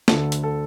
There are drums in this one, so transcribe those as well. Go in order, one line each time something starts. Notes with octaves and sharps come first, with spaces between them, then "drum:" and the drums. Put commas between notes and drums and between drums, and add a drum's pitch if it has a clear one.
D2 D3 A4, drum: snare
drum: hi-hat
A4